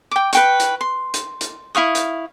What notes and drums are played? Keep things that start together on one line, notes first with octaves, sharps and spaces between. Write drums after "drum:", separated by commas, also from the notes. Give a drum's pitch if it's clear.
G5 D6
B4 G5 C#6, drum: hi-hat
drum: hi-hat
C6
drum: hi-hat
drum: hi-hat
E4 F5 C#6 D#6
drum: hi-hat